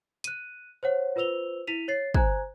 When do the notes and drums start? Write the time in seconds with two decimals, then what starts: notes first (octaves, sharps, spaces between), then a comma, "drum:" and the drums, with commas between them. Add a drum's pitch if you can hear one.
0.24 F#6 D#7, drum: hi-hat
0.83 C5 C#5 F#5
1.16 F4 B4 C5 E6 F7 G7
1.67 E4 B6 D#7 F7
1.88 C#5 A6 C7
2.14 C5 G#5 A#5 F#6 G#6, drum: kick